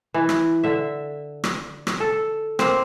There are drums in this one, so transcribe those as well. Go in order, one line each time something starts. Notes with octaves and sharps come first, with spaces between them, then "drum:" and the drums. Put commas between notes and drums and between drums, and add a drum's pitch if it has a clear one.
E3
drum: rim click
D3 E5
drum: rim click
drum: rim click
A4
A#3 C4, drum: rim click